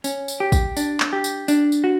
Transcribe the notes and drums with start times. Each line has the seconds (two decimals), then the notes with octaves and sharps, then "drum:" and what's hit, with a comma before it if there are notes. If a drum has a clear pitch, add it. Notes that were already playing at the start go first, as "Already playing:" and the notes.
0.04 C#4, drum: tambourine
0.28 drum: tambourine
0.40 G4
0.52 drum: kick, tambourine
0.77 D4, drum: tambourine
1.00 drum: clap
1.13 G4
1.24 drum: tambourine
1.48 D4, drum: tambourine
1.72 drum: tambourine
1.84 F#4